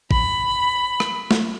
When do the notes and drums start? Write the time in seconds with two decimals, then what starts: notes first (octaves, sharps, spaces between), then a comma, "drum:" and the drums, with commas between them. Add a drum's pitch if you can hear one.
0.11 B5, drum: kick
1.00 drum: rim click
1.31 drum: snare